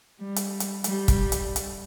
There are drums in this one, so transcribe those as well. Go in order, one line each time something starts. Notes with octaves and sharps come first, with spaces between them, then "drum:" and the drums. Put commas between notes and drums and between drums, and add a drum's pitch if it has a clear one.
G3
drum: hi-hat
drum: hi-hat
G3, drum: hi-hat
drum: kick, hi-hat
drum: hi-hat
drum: hi-hat